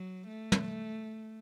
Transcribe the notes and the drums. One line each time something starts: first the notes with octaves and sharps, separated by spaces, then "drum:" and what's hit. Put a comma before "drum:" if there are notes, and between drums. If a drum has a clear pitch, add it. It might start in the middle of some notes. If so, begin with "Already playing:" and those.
Already playing: F#3
A3
drum: tom